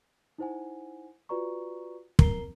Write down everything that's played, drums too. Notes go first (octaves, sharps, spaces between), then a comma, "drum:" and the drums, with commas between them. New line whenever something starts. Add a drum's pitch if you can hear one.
D#4 E4 C5 F#5 G#5
F4 F#4 B4 D5 A#5 C#6
A#4 A#5 C7 G7, drum: kick